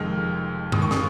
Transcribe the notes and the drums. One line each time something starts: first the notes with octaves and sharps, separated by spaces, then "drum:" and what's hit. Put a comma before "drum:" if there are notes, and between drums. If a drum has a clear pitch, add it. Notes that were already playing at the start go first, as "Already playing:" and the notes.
Already playing: F1 F2 D#3 G#3 F6
D#2 D#3 G#3 D#6, drum: tom F#2
C#6
D#6, drum: snare